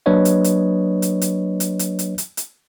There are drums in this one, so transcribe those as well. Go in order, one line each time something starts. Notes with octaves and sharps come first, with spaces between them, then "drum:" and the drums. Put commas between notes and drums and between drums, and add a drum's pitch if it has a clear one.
F#3 A#3 D4 B4 C#5 D#5
drum: hi-hat
drum: hi-hat
drum: hi-hat
drum: hi-hat
drum: hi-hat
drum: hi-hat
drum: hi-hat
drum: hi-hat
drum: hi-hat